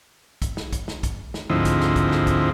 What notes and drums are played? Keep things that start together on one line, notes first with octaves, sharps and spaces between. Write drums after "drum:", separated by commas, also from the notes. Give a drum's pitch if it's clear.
drum: kick, hi-hat
drum: snare
drum: kick, hi-hat
drum: snare
drum: kick, hi-hat
drum: snare
D2 G#2 F3 C4 D#4 E4
drum: kick, hi-hat
drum: snare
drum: kick, hi-hat
drum: snare
drum: kick, hi-hat